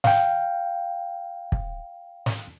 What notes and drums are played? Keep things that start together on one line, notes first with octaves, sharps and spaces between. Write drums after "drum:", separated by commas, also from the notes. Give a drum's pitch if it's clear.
F5 G5, drum: snare
drum: kick
drum: snare